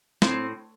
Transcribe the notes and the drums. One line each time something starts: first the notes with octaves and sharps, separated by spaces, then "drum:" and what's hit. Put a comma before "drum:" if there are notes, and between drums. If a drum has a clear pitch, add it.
A2 C4, drum: snare